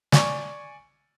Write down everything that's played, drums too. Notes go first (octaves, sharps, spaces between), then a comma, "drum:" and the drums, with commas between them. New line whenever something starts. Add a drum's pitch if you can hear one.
D5 G#5 C#6, drum: snare